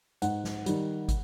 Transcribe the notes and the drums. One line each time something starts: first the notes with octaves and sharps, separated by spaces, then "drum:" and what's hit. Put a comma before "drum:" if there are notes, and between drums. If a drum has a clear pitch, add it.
G#2 F#5, drum: hi-hat
drum: snare
D#3 G3, drum: hi-hat
drum: kick, hi-hat